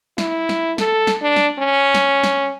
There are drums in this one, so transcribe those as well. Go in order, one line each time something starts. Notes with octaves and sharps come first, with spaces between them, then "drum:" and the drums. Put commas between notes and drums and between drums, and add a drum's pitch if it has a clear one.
E4, drum: snare
drum: snare
A4, drum: snare
drum: snare
D4
drum: snare
C#4
drum: snare
drum: snare